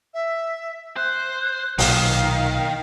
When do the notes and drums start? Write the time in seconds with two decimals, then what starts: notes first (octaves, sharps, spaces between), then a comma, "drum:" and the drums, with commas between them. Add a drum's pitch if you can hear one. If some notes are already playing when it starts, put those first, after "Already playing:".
0.14 E5
0.96 C5 F#6
1.79 B1 A#2 D#3 F5, drum: open hi-hat